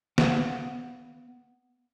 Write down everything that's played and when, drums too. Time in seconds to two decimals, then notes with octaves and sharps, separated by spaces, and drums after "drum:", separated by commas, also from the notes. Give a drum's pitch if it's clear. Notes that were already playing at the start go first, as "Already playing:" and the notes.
0.18 B3 F5 F#5, drum: snare